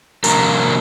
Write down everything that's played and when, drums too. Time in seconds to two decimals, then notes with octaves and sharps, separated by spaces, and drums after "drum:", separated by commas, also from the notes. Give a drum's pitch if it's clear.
0.24 C3 F3 A#3 D4 F#4 A#4, drum: hi-hat